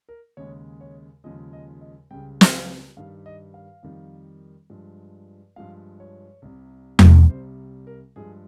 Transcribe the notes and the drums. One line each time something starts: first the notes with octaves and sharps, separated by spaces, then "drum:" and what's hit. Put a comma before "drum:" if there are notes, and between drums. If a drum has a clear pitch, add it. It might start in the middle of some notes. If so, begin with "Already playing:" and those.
A#4
D#2 C#3 G#3 C#5
C#5
D#2 C#3 F3 G#3 D#5
D#5
D#5
C#2 C#3 G3 G5
drum: snare
F5
G2 D#3 G3 F5
D#5
F5
F2 D#3 G3
G2 F3 G#3
G2 F3 G#3 F5
C#5
C2 C3 G3
drum: tom E2
C2 C3 G3 C5
A#4
G2 F3 G#3 G#4